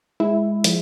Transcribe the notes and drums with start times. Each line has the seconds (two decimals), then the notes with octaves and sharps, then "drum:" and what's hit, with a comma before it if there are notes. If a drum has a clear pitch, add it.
0.20 G#3 E4
0.64 F3, drum: hi-hat